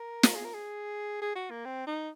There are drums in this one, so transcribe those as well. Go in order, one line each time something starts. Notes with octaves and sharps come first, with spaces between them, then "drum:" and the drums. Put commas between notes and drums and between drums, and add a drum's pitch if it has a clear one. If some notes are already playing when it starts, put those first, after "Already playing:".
Already playing: A#4
drum: snare
G#4
A#4
G#4
G#4
F#4
A#3
C4
D#4